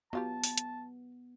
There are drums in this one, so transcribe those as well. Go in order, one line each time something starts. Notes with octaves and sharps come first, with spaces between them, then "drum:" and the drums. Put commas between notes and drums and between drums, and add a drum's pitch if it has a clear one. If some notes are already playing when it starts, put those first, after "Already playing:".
F#3 B3 F4 G4 A5
drum: open hi-hat
drum: hi-hat